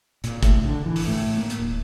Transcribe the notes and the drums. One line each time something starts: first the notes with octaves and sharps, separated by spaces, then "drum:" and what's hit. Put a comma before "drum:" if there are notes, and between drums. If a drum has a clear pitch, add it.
A#2, drum: hi-hat
A2, drum: kick G1, hi-hat
D3
E3
drum: open hi-hat
A2
A#3
drum: hi-hat
D1